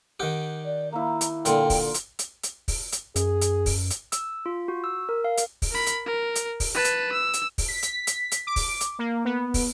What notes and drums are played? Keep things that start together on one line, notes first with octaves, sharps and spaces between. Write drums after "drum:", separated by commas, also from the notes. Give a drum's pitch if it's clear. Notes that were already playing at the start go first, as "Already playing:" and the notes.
D#3 G4 F#5
D5
A#3 E4 A#5
drum: hi-hat
A#2 D3 F4 G5, drum: hi-hat
drum: kick, open hi-hat
drum: hi-hat
drum: hi-hat
drum: hi-hat
drum: kick, open hi-hat
drum: hi-hat
F#2 G#4, drum: hi-hat
drum: hi-hat
drum: kick, open hi-hat
drum: hi-hat
E6, drum: hi-hat
F4
F#4
E6
A#4
F5
drum: hi-hat
drum: kick, open hi-hat
A#4 B5
drum: hi-hat
A#4
drum: hi-hat
drum: kick, open hi-hat
B4 A5
drum: hi-hat
E6
drum: hi-hat
drum: kick, open hi-hat
B6
drum: hi-hat
drum: hi-hat
drum: hi-hat
D6
drum: kick, open hi-hat
drum: hi-hat
A#3
B3
drum: kick, open hi-hat